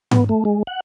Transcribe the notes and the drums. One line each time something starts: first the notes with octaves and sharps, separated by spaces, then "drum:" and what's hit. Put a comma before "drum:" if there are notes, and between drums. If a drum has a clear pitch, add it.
B3, drum: tom G#2
A3
G#3
F#5